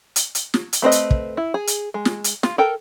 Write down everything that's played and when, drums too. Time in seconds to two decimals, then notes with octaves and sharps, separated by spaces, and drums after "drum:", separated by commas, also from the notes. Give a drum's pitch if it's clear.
0.16 drum: hi-hat
0.35 drum: hi-hat
0.54 drum: snare
0.73 drum: hi-hat
0.82 A3 C4 B4 D#5
0.92 drum: hi-hat
1.11 drum: kick
1.37 E4
1.54 G#4
1.67 drum: hi-hat
1.94 G#3
2.05 drum: snare
2.24 drum: hi-hat
2.43 F4, drum: snare
2.58 A4 A#4 G5